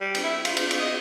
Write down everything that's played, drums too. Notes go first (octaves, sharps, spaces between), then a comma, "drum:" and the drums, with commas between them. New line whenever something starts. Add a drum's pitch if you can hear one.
G3
drum: cymbal
E4
F4, drum: cymbal
drum: cymbal
drum: cymbal
D#5